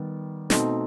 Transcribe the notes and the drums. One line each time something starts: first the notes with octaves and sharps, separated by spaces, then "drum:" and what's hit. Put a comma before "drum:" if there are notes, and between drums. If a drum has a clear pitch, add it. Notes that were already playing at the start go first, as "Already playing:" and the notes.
Already playing: D#3 G3 B3
B2 A3 C4 D#4, drum: snare